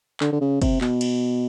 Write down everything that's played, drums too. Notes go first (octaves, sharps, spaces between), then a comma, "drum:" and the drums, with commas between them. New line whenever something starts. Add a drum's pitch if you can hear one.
D3, drum: clap
D3
C#3
C3, drum: kick, cymbal
B2, drum: clap
drum: cymbal